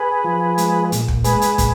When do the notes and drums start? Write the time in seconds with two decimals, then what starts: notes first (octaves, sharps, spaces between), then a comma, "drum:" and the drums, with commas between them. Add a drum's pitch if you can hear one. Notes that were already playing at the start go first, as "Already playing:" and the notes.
Already playing: G#4 B4
0.24 F3
0.58 G#3, drum: hi-hat
0.92 A#2, drum: hi-hat
1.08 drum: kick
1.24 G#3 G#4 B4, drum: hi-hat
1.42 drum: hi-hat
1.58 A#2, drum: kick, hi-hat